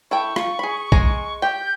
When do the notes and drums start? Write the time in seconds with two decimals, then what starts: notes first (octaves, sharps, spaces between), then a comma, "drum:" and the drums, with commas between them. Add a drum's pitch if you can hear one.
0.11 E4 A4 G5 C#6
0.36 F4, drum: rim click
0.59 G#4 B5
0.92 G#3 G#5 A#5, drum: kick B1
1.42 G4 G5 G6